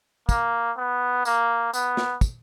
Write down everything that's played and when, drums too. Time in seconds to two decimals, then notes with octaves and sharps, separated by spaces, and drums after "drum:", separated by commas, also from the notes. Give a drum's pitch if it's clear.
0.29 A#3, drum: kick, tambourine
0.77 B3
1.25 A#3, drum: tambourine
1.73 B3, drum: tambourine
1.97 drum: snare
2.21 drum: kick, tambourine